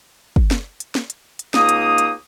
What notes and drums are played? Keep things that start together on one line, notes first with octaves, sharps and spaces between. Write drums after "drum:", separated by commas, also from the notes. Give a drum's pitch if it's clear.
drum: kick
drum: snare
drum: hi-hat
drum: snare
drum: hi-hat
drum: hi-hat
C#2 A#3 D#4 D#6, drum: snare
drum: hi-hat
drum: hi-hat